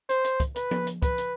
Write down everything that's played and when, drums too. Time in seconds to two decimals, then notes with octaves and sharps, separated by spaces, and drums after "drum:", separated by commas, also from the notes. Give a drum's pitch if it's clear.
0.09 C5, drum: hi-hat
0.24 drum: hi-hat
0.40 drum: kick, hi-hat
0.56 B4, drum: hi-hat
0.71 drum: tom F3
0.87 drum: hi-hat
1.02 B4, drum: kick, hi-hat
1.18 drum: hi-hat